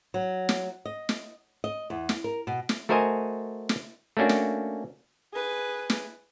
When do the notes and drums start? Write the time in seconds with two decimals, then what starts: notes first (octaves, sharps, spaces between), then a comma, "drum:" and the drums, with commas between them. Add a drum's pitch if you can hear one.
0.14 F#3
0.49 drum: snare
0.85 D#5
1.09 drum: snare
1.64 D#5
1.90 E2
2.09 drum: snare
2.24 A#4
2.47 B2
2.69 drum: snare
2.89 A3 F#4 A#4 C5 D#5 G#5
3.69 drum: snare
4.17 A3 A#3 C#4 D4 F#4
4.29 drum: snare
5.34 G#4 B4
5.90 drum: snare